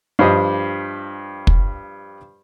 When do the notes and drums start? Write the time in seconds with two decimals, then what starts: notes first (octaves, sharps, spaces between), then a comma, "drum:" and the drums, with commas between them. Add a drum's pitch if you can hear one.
0.19 G2 F3 G4 C5 D#5
1.47 drum: kick